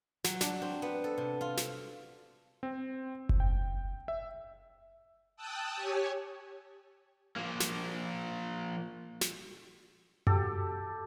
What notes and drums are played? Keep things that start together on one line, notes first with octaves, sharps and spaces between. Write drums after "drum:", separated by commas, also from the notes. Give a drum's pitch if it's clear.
F#3, drum: snare
D4, drum: snare
C4
B3
A4
C3
F4
drum: snare
C4
drum: kick F#1
G5
E5
G5 A5 D#6 E6 F#6
G4 C#5 G#5
F3 A#3
drum: snare
drum: snare
G4 A4, drum: tom F#2